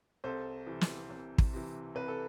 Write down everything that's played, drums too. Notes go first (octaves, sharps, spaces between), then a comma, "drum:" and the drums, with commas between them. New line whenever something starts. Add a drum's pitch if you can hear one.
C2 A4 C5
C3 E3
drum: snare
C2
drum: kick
C3 E3
C2 B4
A4